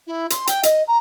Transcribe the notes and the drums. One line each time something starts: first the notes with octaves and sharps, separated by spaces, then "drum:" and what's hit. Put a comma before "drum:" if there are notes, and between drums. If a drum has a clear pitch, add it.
E4
C6, drum: hi-hat
G5, drum: hi-hat
D#5, drum: hi-hat
A#5